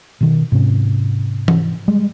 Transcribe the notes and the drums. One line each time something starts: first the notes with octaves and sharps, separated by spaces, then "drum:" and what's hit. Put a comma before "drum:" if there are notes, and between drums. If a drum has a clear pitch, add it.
B2 D#3
G#2 C3 C#4
drum: tom E3
G3 G#3